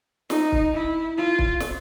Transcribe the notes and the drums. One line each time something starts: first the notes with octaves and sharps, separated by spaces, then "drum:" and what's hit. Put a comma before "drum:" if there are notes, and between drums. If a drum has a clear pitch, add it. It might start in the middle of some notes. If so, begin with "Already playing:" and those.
D#4, drum: snare
drum: kick
E4
F4
drum: kick
drum: snare